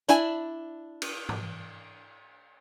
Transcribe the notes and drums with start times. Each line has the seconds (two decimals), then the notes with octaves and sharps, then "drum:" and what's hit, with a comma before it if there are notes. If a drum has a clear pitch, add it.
0.08 D4 E4 G#5, drum: hi-hat
1.02 drum: cymbal
1.29 drum: tom G#2